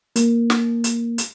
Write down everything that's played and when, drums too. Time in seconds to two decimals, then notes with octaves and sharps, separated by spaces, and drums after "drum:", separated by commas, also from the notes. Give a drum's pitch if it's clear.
0.16 A#3, drum: hi-hat
0.50 drum: snare
0.84 drum: hi-hat
1.18 drum: hi-hat